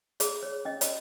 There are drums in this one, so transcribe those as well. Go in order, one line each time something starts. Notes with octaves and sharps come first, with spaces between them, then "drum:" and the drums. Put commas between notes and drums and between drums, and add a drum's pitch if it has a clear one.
G#4, drum: hi-hat
C#5
C#4 D#5
drum: hi-hat